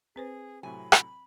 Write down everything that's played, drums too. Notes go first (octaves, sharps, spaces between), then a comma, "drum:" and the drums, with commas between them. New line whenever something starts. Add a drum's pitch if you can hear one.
C4 G#4 B4 C5
A2 C3 F#3 G#5 B5
drum: rim click